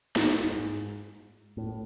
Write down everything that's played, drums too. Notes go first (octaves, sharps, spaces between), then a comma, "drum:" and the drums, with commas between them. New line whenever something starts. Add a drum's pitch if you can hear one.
A2, drum: snare
G#2
A2